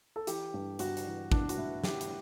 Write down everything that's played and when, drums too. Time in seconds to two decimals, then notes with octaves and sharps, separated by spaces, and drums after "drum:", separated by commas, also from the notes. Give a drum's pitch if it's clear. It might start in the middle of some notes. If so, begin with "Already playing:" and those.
0.16 A4
0.27 E3 G4, drum: hi-hat
0.54 G2
0.79 G2 F#4, drum: hi-hat
0.97 drum: hi-hat
1.06 E3
1.32 E3 D4, drum: kick
1.49 F#4, drum: hi-hat
1.58 G2 E4
1.84 E3 G4, drum: snare
2.01 drum: hi-hat